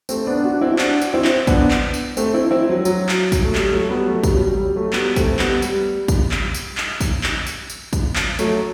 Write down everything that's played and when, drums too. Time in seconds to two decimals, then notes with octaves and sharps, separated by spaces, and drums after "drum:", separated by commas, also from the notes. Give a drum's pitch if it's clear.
0.09 A3 C4, drum: tambourine
0.27 B3 D4
0.44 D4 F#4
0.61 C4 E4
0.79 D4 F#4, drum: clap
1.02 drum: tambourine
1.14 C4 E4
1.25 drum: clap
1.47 B3 D4, drum: kick, tambourine
1.71 drum: clap
1.94 drum: tambourine
2.17 A3 C4, drum: tambourine
2.34 C4 E4
2.51 C4 E4
2.69 F#3
2.85 F#3, drum: tambourine
3.09 drum: clap
3.32 drum: kick, tambourine
3.44 A3
3.55 G3, drum: clap
3.72 F#3 A3
3.89 G3 B3
4.07 F#3 A3
4.23 G3, drum: kick, tambourine
4.37 F#3
4.41 G3
4.59 G3
4.76 F#3 A3
4.93 G3 B3, drum: clap
5.16 A3 C4, drum: kick, tambourine
5.39 G3 B3, drum: clap
5.62 G3, drum: tambourine
6.08 drum: kick, tambourine
6.31 drum: clap
6.54 drum: tambourine
6.77 drum: clap
7.01 drum: kick, tambourine
7.24 drum: clap
7.47 drum: tambourine
7.70 drum: tambourine
7.93 drum: kick, tambourine
8.16 drum: clap
8.39 F#3 A3, drum: tambourine